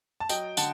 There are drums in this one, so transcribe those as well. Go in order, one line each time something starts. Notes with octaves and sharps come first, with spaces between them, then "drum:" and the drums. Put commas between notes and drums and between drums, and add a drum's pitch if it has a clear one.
A5
F#3 D#5 G5, drum: tambourine
D3 F#5 A5, drum: tambourine